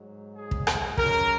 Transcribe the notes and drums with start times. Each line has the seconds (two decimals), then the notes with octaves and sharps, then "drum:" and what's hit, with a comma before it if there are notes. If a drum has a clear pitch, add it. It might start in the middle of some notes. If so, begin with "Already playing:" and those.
Already playing: G#2 F#3
0.36 G#4
0.51 drum: kick
0.67 drum: rim click
0.97 F#2 C#3 F#3 A#4, drum: kick